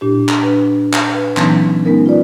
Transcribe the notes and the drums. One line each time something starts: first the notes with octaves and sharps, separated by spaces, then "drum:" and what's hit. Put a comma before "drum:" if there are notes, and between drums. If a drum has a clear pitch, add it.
A#2 D4 E4 G4
drum: clap
D4 B4
drum: clap
B4
A#2 E3 F#3 B3 C#4 D#4, drum: clap
G#3 B3 C#4 D#4 A#4
F4 B4 D5